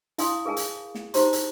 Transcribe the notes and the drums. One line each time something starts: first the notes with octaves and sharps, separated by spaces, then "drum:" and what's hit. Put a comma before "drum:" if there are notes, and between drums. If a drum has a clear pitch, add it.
E4 F5 G#5 C6 D#6, drum: hi-hat
G#4 A#4 F5 G#5 A5
drum: hi-hat
drum: snare
D#4 G4 C5 A#5 C6, drum: hi-hat
drum: hi-hat